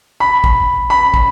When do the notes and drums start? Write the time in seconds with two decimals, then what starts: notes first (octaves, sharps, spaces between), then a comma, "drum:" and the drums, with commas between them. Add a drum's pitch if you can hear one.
0.20 B5
0.44 drum: kick
0.90 B5
1.14 drum: kick